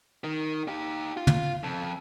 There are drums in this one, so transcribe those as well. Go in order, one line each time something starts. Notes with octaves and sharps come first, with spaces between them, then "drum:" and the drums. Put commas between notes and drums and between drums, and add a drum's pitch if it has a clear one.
D#3
D#4 G4
F4
drum: tom
F2